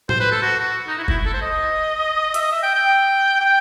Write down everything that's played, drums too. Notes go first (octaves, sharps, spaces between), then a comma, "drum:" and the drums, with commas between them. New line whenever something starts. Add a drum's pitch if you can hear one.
C5, drum: tom A2
B4
A4
F#4
F#4
D#4
E4
F#4
E4, drum: kick F#1
A4
C5
D#5
E5, drum: hi-hat
D#5
E5
G5
G5
G5